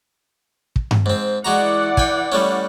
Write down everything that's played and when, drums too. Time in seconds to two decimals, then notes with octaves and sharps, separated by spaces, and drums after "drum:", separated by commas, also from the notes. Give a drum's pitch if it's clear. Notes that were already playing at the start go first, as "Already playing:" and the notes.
0.76 drum: kick
0.91 drum: tom G2
1.06 G#2 C4
1.45 E3 G#3 F#4 D5 F#5 A#5
1.97 G5 G#5, drum: kick
2.32 G3 A3 C#4